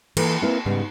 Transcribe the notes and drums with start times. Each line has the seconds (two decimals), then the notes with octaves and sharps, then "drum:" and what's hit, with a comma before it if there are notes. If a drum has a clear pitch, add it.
0.17 E3 A#3 A4 B4, drum: cymbal
0.42 A#3 C4 E4 A#4 B4
0.66 G#2 C#3 G3 B3